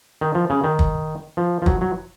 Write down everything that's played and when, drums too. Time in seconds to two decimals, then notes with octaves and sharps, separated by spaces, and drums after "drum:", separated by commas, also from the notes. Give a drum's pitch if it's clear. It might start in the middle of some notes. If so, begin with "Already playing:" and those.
0.21 D#3
0.35 F3
0.50 C#3
0.64 D#3
0.79 drum: kick
1.37 F3
1.62 F3
1.66 F#3, drum: kick
1.81 F#3